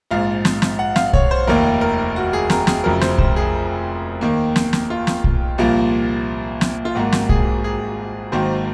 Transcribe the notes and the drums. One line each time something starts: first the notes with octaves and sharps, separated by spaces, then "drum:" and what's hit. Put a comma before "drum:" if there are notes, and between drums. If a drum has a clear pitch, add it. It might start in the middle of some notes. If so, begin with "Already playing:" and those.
A#1 G#2 F3 F5
drum: snare
drum: snare
F#5
F5, drum: snare
C#5, drum: kick
C5
F1 D#2 D#3 A#3 A#4
A#4
F#4
G#4
A#4, drum: snare
G#4, drum: snare
F1 F2 C#3 F#3 A#4
C5, drum: snare
C5, drum: kick
G#4
D#2 D#3 A#3
drum: snare
drum: snare
F4
drum: snare
drum: kick
C2 A#2 F3 A#3
drum: snare
F4
G#1 G#2 F#3 A#3 F#4
drum: snare
G#4, drum: kick
G#4
G#1 G#2 D#3 F#3 A#3 C5